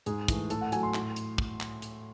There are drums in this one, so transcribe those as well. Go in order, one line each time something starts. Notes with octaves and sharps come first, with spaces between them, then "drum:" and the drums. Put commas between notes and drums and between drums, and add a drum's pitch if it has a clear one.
G#2 G#4, drum: hi-hat
E3 A3, drum: kick, hi-hat
A2 A4, drum: hi-hat
F#5
F#3 A3 G#5, drum: hi-hat
C6
A2, drum: clap
drum: hi-hat
drum: kick
drum: clap
drum: hi-hat